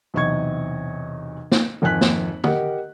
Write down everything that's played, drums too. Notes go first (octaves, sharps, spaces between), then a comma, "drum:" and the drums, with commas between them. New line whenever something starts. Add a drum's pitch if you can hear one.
B1 E2 C3 D#5 C#6 G#6
drum: snare
G#1 F2 G#5 F#6 B6
drum: snare
G4 A#4 D#5 F#5, drum: tom